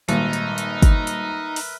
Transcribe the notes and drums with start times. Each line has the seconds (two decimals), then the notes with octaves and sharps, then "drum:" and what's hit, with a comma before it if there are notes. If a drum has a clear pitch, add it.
0.09 G#1 A#2 G3 A#3 D#4 A#4 B4 E5, drum: hi-hat
0.33 drum: hi-hat
0.58 drum: hi-hat
0.82 drum: kick G1, hi-hat
1.07 drum: hi-hat
1.56 drum: open hi-hat